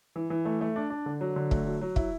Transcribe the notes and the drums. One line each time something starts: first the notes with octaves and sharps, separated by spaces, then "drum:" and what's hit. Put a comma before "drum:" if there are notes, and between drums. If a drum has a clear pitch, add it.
E3
E3
A3
A3
D4
D4
D3
F#3
D3
A3, drum: kick
F#3
F#3
E4, drum: kick